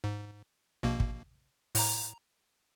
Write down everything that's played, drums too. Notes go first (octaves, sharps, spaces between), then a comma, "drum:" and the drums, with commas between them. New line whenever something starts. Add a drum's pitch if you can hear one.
G#2
A#1 B2 A#3
drum: kick
A2 A#5, drum: open hi-hat